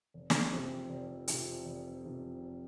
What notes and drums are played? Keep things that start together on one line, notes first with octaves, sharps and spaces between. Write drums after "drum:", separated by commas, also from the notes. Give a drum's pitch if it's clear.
F1
drum: snare
F2 C3 F3 C4
F1
F2 C3 F3 C4, drum: hi-hat
F1
F2 C3 F3 C4